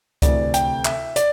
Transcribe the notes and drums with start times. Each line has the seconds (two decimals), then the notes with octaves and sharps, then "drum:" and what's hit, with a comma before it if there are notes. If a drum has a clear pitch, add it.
0.22 D2 C3 E3 D5, drum: kick C#2, hi-hat
0.54 G5, drum: hi-hat
0.85 E5, drum: clap
1.16 D5, drum: hi-hat